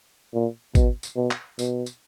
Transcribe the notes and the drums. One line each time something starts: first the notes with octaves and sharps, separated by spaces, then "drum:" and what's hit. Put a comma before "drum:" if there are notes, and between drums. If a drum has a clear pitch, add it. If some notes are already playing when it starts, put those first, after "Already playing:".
A#2
B2, drum: kick G#1, tambourine
drum: tambourine
B2
drum: clap
B2, drum: tambourine
drum: tambourine